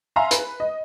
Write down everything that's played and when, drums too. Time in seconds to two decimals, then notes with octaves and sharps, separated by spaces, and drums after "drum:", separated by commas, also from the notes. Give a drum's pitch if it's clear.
0.16 E5 F5 G#5 A#5 C6
0.31 B4, drum: hi-hat
0.60 D#5